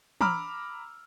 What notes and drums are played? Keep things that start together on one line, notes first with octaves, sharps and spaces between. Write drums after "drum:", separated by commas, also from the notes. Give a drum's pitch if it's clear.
A#5 B5 D6 E6 F6, drum: tom